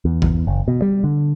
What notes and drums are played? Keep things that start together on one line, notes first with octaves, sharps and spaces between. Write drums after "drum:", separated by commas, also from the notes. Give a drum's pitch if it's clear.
E2
drum: kick A1
F#1
B2
G3
D3